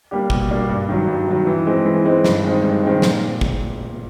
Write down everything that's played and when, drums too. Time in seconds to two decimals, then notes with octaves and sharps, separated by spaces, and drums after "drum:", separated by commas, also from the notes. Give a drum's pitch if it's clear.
0.11 G3 A#3 D4 G4
0.30 B2, drum: kick G#1
0.50 G3 A#3 D4 G4
0.69 G2
0.89 D#3 F#3
1.08 G2
1.27 D#3 F#3
1.47 E3
1.67 G#3 C4 D#4
1.86 E3
2.05 G#3 C4 D#4
2.24 G2, drum: snare
2.44 D#3 G#3 C4 D#4
2.64 G2
2.83 D#3 G#3 C4 D#4
3.02 A#2, drum: snare
3.41 drum: kick G#1